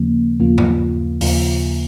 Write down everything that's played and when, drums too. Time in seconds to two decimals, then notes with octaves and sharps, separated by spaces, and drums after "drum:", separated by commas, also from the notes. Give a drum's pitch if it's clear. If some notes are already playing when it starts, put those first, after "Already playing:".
Already playing: D#2 C#3 F3 A#3
0.40 D#2 C#3 F3 A#3 F4
0.58 drum: tom G2
1.21 D#2 C#3 F3 A#3 F4, drum: open hi-hat